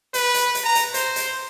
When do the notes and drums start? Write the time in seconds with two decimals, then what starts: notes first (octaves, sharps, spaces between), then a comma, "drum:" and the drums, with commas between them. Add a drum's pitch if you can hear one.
0.14 B4, drum: hi-hat
0.34 drum: hi-hat
0.55 drum: hi-hat
0.64 A#5
0.75 drum: hi-hat
0.94 C5, drum: hi-hat
1.16 drum: hi-hat